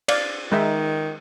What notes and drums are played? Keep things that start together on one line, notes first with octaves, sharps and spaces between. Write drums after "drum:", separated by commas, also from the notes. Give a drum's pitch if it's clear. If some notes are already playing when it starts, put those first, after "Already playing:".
D5 F5, drum: cymbal
D#3 G#3 D#4 E5